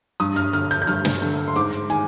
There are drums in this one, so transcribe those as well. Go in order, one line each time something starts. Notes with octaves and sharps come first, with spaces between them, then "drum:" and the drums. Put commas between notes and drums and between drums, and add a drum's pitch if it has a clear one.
G2 D#6, drum: hi-hat
F6, drum: hi-hat
D3 F6, drum: hi-hat
G6, drum: hi-hat
G6
G2 F6, drum: hi-hat
drum: snare
D3, drum: hi-hat
C6
G#2 D6, drum: hi-hat
drum: hi-hat
D#3 G#5, drum: hi-hat